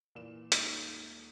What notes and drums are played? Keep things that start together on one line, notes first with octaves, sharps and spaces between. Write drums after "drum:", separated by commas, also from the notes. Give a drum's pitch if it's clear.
A#2 E3 E7
D#1 G#2 D6 D#6 E7, drum: hi-hat